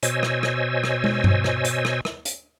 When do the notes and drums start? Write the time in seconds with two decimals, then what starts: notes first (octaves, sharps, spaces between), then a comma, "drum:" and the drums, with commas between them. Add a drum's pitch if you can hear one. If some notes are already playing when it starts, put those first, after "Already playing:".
0.03 B2 C5 C#5 D#5 G#5 E6, drum: hi-hat
0.23 drum: rim click
0.43 drum: rim click
0.84 drum: rim click
1.04 drum: tom
1.24 drum: tom G2
1.44 drum: rim click
1.65 drum: hi-hat
1.85 drum: rim click
2.05 drum: rim click
2.25 drum: hi-hat